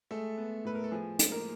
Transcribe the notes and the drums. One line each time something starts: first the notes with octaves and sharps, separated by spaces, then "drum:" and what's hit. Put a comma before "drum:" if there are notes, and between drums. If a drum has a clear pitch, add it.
G#3 A3 A4
B3
A2 B4
A#4
A4
F3 G#4
G#3, drum: hi-hat
A#3 A#4